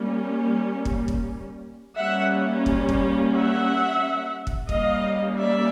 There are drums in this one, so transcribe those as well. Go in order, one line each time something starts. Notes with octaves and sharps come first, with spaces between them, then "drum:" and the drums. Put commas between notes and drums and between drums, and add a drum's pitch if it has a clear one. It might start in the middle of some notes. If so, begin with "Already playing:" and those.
Already playing: G3 A#3 C#4
drum: kick
drum: kick
G3 A#3 C#4 E5 F#5
drum: kick
drum: kick
E5 F#5
drum: kick
G3 A#3 C#4 D#5 F5, drum: kick
D5 E5